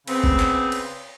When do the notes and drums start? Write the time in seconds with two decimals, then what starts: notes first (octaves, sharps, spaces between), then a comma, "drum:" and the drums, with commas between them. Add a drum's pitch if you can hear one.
0.08 C#3 B3 C4, drum: cymbal
0.24 drum: kick
0.40 drum: clap
0.72 drum: cymbal